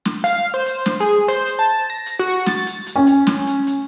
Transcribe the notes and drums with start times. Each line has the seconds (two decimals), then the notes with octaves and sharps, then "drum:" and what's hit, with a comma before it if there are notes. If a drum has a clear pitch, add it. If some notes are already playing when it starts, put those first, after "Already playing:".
0.05 drum: snare
0.24 F5, drum: hi-hat
0.54 C5
0.66 drum: hi-hat
0.86 drum: snare
1.00 G#4
1.28 C5, drum: hi-hat
1.46 drum: hi-hat
1.59 A5
1.90 A#6
2.06 drum: hi-hat
2.19 F#4
2.46 A6, drum: snare
2.66 drum: hi-hat
2.86 drum: hi-hat
2.96 C#4
3.07 drum: hi-hat
3.27 drum: snare
3.47 drum: hi-hat
3.67 drum: hi-hat